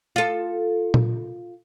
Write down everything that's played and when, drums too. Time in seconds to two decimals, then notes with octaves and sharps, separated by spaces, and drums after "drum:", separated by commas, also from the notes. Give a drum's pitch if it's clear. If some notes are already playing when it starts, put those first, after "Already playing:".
0.16 F4 A4
0.94 drum: tom A#2